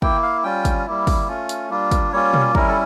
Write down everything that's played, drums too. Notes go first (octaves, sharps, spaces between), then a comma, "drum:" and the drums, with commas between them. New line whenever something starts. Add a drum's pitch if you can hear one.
A#3 E4 G5, drum: kick
F5
G3 C#4 F4 G5
drum: kick, hi-hat
G3 A#3 E4
drum: kick, open hi-hat
A3 C#4 F4
drum: hi-hat
G3 A#3 D4 F4
drum: kick, hi-hat
G3 A#3 C#4 F4 C#5
drum: tom B2
G3 C#4 E4 A#4, drum: kick
A4